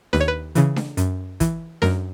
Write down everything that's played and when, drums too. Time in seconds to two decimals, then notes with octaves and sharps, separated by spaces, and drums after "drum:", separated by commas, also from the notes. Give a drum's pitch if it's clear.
0.13 D#2 B4, drum: snare D4
0.20 C#5
0.28 B4
0.55 C#3 E3, drum: hi-hat
0.76 drum: snare D4
0.97 F#2, drum: hi-hat
1.40 E3, drum: kick, hi-hat
1.82 F#2 A#4, drum: snare D4